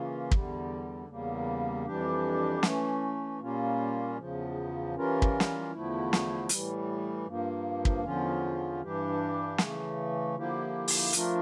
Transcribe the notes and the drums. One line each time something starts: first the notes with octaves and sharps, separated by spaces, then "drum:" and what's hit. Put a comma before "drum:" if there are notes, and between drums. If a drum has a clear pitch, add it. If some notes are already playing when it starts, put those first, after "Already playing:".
Already playing: C#3 E3 A#3 C#4 F4
E2 D3 G3, drum: kick
E2 C#3 G3 A#3
F2 E3 G3 D4 G4
E3 A3 C#4, drum: snare
A#2 G3 A#3 C#4 F4
E2 C#3 F3
E3 G3 C#4 F4 A#4
drum: kick
drum: snare
E2 D3 F3 A3 E4
drum: snare
A2 E3 G3, drum: hi-hat
G2 F3 A#3
drum: kick
E2 D3 F3 C#4 F4
G2 E3 G3 D4 G4
C#3 E3 A3, drum: snare
D3 F3 A#3 E4 G4
drum: open hi-hat
F3 A3 D4 F4 A#4, drum: hi-hat